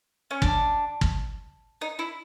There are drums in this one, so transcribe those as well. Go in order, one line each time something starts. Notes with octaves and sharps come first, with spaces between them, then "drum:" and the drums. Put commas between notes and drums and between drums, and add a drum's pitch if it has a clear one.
C#4
D4, drum: kick
drum: kick
D#4
E4